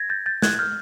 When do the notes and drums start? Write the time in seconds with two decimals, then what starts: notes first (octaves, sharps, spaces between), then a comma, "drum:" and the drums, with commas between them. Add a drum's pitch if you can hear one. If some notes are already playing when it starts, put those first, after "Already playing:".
Already playing: G#6 A#6
0.10 G6 A6
0.26 G6 A6
0.42 F#6 G#6, drum: snare
0.59 F6 G6